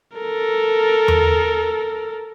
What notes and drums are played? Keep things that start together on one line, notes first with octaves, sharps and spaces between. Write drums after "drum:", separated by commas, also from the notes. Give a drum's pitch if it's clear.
A4 A#4
drum: tom E2